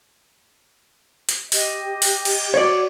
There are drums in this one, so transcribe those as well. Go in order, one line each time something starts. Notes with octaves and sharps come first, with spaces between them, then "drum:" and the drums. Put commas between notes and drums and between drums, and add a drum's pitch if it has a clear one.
drum: hi-hat
G4 D#5, drum: open hi-hat
drum: open hi-hat
drum: cymbal
F#4 C#5 D5